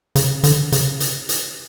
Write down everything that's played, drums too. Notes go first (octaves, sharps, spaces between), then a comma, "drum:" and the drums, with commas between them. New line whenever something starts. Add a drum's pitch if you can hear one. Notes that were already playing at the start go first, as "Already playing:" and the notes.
C#3, drum: hi-hat
D3, drum: hi-hat
C#3, drum: hi-hat
drum: hi-hat
drum: hi-hat